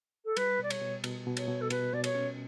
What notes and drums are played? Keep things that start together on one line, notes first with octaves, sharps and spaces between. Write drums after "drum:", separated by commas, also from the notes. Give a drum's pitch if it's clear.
A4
G3 B4, drum: cymbal
B2 D5
C#5, drum: cymbal
B2
B2, drum: cymbal
B2
C#5, drum: cymbal
B2
A4
B2 B4, drum: cymbal
B2 D5
C#5, drum: cymbal
C#4